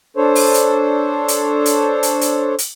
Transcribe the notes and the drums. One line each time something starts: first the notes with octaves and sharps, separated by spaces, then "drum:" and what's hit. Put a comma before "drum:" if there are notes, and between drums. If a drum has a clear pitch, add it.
D4 A4 C5 C#5
drum: open hi-hat
drum: hi-hat
drum: hi-hat
drum: hi-hat
drum: hi-hat
drum: hi-hat
drum: hi-hat